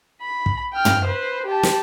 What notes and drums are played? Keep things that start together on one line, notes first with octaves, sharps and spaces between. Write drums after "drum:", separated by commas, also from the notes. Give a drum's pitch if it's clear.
B5
drum: kick
G5 F6
drum: tom
B4 C5
G4 A5
drum: snare